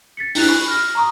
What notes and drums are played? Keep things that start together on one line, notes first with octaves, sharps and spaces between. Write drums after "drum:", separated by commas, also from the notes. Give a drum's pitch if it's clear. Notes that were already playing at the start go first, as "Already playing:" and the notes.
A6 B6 C#7
D4 E4 F#6 F7, drum: open hi-hat
G#5 B5 C#6 F#6
F6 A#6
A#5 C#6 D#6